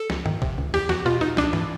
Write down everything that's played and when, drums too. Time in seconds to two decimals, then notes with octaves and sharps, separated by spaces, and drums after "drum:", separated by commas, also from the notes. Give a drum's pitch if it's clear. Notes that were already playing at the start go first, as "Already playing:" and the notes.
Already playing: A4
0.10 C#2, drum: snare
0.26 D#3, drum: tom G2
0.42 C3, drum: kick A1
0.58 C#2
0.74 E2 G4
0.89 E2 F#4, drum: snare
1.06 B2 F4
1.21 B2 D#4
1.37 C#2 D4, drum: snare
1.53 E3, drum: tom G2